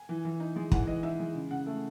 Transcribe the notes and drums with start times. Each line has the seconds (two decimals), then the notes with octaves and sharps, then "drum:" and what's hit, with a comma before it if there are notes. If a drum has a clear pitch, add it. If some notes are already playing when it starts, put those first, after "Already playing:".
Already playing: G#5
0.09 E3
0.25 E3
0.40 D#4
0.56 G#3
0.72 E3 F#5, drum: kick
0.87 E3 D#5
1.03 D#4 E5
1.19 G#3
1.35 C#3
1.51 C#3 F#5
1.66 A3 E5